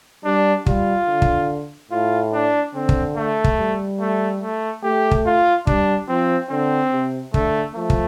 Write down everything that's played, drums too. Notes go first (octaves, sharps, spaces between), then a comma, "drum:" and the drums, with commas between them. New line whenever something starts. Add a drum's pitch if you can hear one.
G3 D4
G3 F4, drum: kick
D3
drum: kick
A2 F4
D4
D3 C4
drum: kick
A3
drum: kick
G3
A3
A3
A3 G4
drum: kick
F4
G3 D4, drum: kick
F3 C4
D3 C4
C3
D3 A3, drum: kick
F3 A3
drum: kick